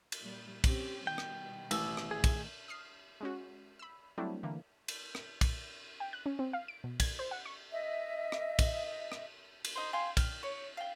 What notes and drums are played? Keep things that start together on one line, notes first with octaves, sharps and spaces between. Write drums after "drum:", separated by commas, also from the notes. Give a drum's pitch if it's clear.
drum: cymbal
A#2 G3
C4 C#4 G4, drum: kick, cymbal
B2 D#3 G3 G5
drum: rim click
A1 E6, drum: cymbal
drum: rim click
A2 D#3 G#4
drum: kick, cymbal
D#6 F6 C7
G#3 C#4 F#4
B5 E6
F#3 G3 A3 C4 D4 E4
D3 E3 A#3
drum: cymbal
drum: rim click
drum: kick, cymbal
G5
F#6
C#4
C4
F5
D7
B2
G#6, drum: kick, cymbal
C5
F#5
C#6
D#5 E5
drum: rim click
drum: kick, cymbal
drum: rim click
drum: cymbal
D#4 C5
F5 G5 G#5 C6
G5 F6, drum: kick, cymbal
C#5
F5 G5